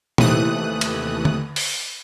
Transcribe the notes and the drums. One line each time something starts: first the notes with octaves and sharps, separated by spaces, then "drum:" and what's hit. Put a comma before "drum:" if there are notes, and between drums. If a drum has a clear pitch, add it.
D#2 C3 E3 A3 D#6 F#6, drum: tom
drum: cymbal
drum: tom D3
drum: open hi-hat